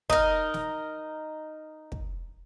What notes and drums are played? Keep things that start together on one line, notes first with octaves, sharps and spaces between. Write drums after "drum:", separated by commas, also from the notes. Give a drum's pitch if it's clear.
D#4 A#4, drum: kick
drum: snare
drum: kick